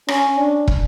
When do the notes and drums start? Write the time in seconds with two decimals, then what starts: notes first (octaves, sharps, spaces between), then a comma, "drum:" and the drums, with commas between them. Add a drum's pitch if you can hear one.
0.08 C#4, drum: rim click
0.38 D4
0.68 drum: kick